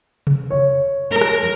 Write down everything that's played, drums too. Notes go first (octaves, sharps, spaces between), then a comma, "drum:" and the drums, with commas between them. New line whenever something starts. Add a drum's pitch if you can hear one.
drum: tom C3
C#5
A#4
drum: rim click